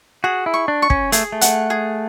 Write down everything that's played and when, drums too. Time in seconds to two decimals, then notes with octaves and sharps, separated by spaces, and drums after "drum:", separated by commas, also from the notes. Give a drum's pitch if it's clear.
0.24 F#4 G#4
0.46 E4
0.54 C#6
0.68 D4
0.82 C#6
0.90 C#4, drum: kick
1.12 A3 G#4, drum: hi-hat
1.32 A3
1.41 F#5, drum: hi-hat
1.70 G#4